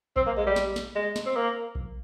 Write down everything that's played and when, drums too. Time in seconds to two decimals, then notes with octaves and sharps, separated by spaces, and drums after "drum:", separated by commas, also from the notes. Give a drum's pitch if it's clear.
0.16 C4, drum: kick A#1
0.26 A#3
0.37 G#3
0.46 G3
0.56 drum: snare
0.76 drum: snare
0.95 G#3
1.16 drum: snare
1.26 C4
1.36 A#3
1.75 drum: kick A#1